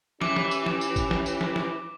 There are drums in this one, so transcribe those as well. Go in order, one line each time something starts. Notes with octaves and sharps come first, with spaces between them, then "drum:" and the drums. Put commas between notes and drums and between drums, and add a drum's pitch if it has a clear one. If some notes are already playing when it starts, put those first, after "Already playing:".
E3 C#4 G4 D6, drum: snare
drum: snare
drum: tambourine
drum: snare
drum: tambourine
drum: kick, tambourine
drum: snare
drum: tambourine
drum: snare
drum: snare